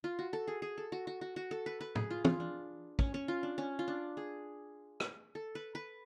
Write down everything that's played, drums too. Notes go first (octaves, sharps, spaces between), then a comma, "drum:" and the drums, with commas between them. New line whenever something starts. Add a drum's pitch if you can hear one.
F4
F#4
A4
G#4
G#4
A4
F#4
F#4
F#4
F#4
A4
B4
B4
G#4, drum: tom
F4
F4, drum: tom
D4
C#4, drum: kick
C#4
F4
D4
C#4
F4
D4
G#4
drum: rim click
A4
B4
B4